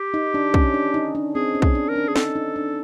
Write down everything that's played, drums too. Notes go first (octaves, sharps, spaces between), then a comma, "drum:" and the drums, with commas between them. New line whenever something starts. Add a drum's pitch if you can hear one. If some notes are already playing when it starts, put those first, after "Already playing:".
Already playing: G4
D#4
D4
C#4, drum: kick
D4
D#4
D4
C4 G#4
C#4
G#4, drum: kick
D4
A#4
D4
G#4
D#4 A4, drum: snare
D#4
D4